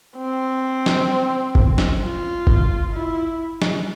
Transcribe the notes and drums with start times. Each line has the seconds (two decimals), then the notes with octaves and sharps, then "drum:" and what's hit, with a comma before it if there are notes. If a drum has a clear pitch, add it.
0.17 C4
0.86 drum: snare
1.55 drum: kick
1.78 drum: snare
2.01 F4
2.47 drum: kick
2.93 E4
3.62 drum: snare